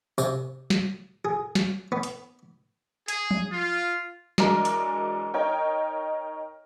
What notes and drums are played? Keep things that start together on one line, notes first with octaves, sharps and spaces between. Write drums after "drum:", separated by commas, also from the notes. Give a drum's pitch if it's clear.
C3, drum: tambourine
drum: snare
G#4
drum: snare
B3
drum: hi-hat
G#4, drum: hi-hat
drum: tom F3
F4
E3 F#3 G#3 D4 A#4, drum: snare
drum: hi-hat
D#4 A#4 C#5 G5